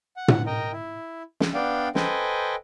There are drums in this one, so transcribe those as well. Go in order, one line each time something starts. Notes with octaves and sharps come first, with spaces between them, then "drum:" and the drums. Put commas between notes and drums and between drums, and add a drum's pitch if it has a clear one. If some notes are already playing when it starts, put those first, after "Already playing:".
F#5
drum: tom
A#4 D#5 G5
E4
drum: snare
B3 D4 D5 F5 G5
A4 B4 C5 D#5 G5 G#5, drum: snare